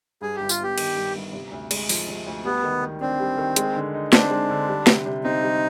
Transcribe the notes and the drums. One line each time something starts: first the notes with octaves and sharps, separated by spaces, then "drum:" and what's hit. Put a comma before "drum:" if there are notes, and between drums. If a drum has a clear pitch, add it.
G2 G#4
G1 G4
F4, drum: tambourine
B3 G4
D#3, drum: cymbal
G2
G1
C3
D2
G#3, drum: cymbal
F3, drum: open hi-hat
C3
D2
G3 B3
D#3
D#3
C4 D4
G3
D#3
G#3, drum: hi-hat
D3
D#4
C4 D4, drum: snare
G#3
D3
G3
C3, drum: snare
C3
C4 D#4
G3